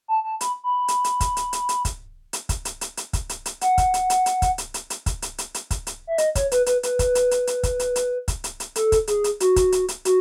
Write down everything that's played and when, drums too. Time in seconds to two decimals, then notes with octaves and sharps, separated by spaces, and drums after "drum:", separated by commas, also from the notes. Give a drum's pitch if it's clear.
0.08 A5
0.24 A5
0.41 B5, drum: hi-hat
0.64 B5
0.88 drum: hi-hat
1.04 drum: hi-hat
1.20 drum: kick, hi-hat
1.37 drum: hi-hat
1.53 drum: hi-hat
1.69 drum: hi-hat
1.85 drum: kick, hi-hat
2.33 drum: hi-hat
2.49 drum: kick, hi-hat
2.65 drum: hi-hat
2.81 drum: hi-hat
2.97 drum: hi-hat
3.13 drum: kick, hi-hat
3.29 drum: hi-hat
3.46 drum: hi-hat
3.61 F#5, drum: hi-hat
3.78 drum: kick, hi-hat
3.94 drum: hi-hat
4.10 drum: hi-hat
4.26 drum: hi-hat
4.42 drum: kick, hi-hat
4.58 drum: hi-hat
4.74 drum: hi-hat
4.90 drum: hi-hat
5.06 drum: kick, hi-hat
5.22 drum: hi-hat
5.38 drum: hi-hat
5.54 drum: hi-hat
5.71 drum: kick, hi-hat
5.87 drum: hi-hat
6.07 E5
6.18 D#5, drum: hi-hat
6.35 C#5, drum: kick, hi-hat
6.52 B4, drum: hi-hat
6.66 B4, drum: hi-hat
6.83 B4, drum: hi-hat
6.99 drum: kick, hi-hat
7.15 drum: hi-hat
7.31 drum: hi-hat
7.47 drum: hi-hat
7.63 drum: kick, hi-hat
7.79 drum: hi-hat
7.96 drum: hi-hat
8.28 drum: kick, hi-hat
8.44 drum: hi-hat
8.60 drum: hi-hat
8.76 A4, drum: hi-hat
8.92 drum: kick, hi-hat
9.07 G#4, drum: hi-hat
9.24 drum: hi-hat
9.40 F#4, drum: hi-hat
9.56 drum: kick, hi-hat
9.72 drum: hi-hat
9.88 drum: hi-hat
10.05 F#4, drum: hi-hat